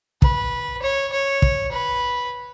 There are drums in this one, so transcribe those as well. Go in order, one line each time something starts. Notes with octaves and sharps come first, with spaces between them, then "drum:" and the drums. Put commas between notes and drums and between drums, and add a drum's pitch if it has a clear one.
B4, drum: kick
C#5
C#5
drum: kick
B4